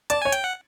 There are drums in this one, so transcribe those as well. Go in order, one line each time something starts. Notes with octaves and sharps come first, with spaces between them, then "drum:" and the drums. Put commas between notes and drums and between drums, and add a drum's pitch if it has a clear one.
D5 A5, drum: hi-hat
C#5 G#5
G5, drum: hi-hat
F#5